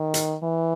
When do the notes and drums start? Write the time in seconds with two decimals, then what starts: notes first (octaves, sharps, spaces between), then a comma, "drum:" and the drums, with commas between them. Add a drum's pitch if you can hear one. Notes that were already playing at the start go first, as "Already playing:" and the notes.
Already playing: D#3
0.14 drum: hi-hat
0.42 E3